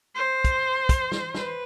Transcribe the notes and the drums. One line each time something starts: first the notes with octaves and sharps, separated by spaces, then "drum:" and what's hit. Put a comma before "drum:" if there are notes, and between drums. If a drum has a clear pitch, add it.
C5
drum: kick, hi-hat
drum: kick, hi-hat
drum: snare
B4, drum: snare